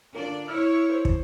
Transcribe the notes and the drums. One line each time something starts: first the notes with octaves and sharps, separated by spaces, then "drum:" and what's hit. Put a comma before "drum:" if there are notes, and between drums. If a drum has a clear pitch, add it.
D3 D4 F4 A#4 D5
E4 C#5 E6 F6
C5
drum: kick